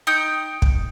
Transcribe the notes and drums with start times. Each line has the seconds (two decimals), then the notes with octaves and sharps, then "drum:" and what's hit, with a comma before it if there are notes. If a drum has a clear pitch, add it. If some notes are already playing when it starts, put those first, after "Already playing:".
0.07 D#4 G5 D#6 G6
0.62 drum: kick